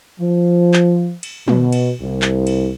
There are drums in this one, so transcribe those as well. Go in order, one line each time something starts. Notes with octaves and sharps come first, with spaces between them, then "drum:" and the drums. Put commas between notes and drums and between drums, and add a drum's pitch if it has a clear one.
F3
drum: clap
drum: cymbal
B2, drum: tom
drum: cymbal
C2
drum: clap
drum: cymbal